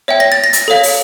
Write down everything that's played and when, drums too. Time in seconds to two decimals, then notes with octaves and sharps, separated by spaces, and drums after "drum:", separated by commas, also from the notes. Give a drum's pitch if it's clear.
0.08 C#5 E5 G5
0.20 A#6
0.32 A6
0.44 A#6
0.53 drum: hi-hat
0.68 A4 C#5 F5
0.83 drum: open hi-hat